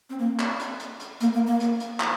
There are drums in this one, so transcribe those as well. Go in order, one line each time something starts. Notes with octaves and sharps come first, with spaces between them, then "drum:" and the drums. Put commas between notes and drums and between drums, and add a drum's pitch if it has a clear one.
C4
A#3
drum: clap
drum: hi-hat
drum: hi-hat
drum: hi-hat
A#3, drum: hi-hat
A#3
A#3
drum: hi-hat
drum: hi-hat
drum: clap